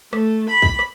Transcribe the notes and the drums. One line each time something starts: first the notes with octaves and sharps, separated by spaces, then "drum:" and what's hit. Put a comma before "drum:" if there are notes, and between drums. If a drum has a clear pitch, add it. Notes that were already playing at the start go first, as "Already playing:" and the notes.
A3, drum: rim click
B5
drum: kick
drum: rim click